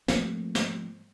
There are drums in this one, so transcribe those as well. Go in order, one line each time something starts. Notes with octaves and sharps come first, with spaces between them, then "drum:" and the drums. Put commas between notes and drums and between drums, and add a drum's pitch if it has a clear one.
F3 A3 A#3 C4, drum: snare
drum: snare